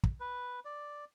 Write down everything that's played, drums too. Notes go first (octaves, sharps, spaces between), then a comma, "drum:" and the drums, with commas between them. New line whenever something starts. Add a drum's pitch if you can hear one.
drum: kick
B4
D5